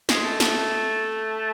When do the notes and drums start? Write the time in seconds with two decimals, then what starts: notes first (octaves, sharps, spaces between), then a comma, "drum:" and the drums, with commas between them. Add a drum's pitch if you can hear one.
0.09 G#3, drum: snare
0.24 A3
0.40 A3, drum: snare